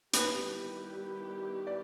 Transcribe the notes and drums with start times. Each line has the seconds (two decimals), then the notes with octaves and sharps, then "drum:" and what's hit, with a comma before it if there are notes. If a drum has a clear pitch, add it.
0.13 D#3 G3 B3 E4 G4 B4, drum: hi-hat
1.67 D5